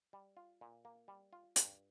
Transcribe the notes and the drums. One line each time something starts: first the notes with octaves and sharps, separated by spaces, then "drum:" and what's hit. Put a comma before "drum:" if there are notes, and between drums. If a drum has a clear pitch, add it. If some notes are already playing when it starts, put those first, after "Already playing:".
G3
F4
A#2
A#3
G3
F4
G2, drum: hi-hat